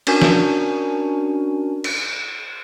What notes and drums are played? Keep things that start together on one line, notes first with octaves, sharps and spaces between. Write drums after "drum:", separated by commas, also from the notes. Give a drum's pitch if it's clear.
C#4 D4 F#4 A#4 G#5, drum: cymbal
drum: snare
drum: cymbal